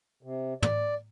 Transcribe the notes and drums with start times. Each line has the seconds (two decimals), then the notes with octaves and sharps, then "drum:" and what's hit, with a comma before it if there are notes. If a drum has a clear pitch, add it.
0.23 C3
0.62 D5, drum: tom